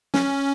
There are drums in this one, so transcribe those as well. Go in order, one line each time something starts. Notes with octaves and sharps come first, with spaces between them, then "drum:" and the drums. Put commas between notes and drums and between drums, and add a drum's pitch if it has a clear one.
C#4, drum: snare